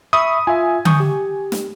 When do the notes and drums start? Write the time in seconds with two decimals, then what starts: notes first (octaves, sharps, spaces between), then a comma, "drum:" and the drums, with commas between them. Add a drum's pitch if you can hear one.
0.13 E5 B5 C#6 D#6
0.47 F4 E5 G#5
0.85 C#6 D#6 G6, drum: tom D3
1.00 G4
1.52 drum: snare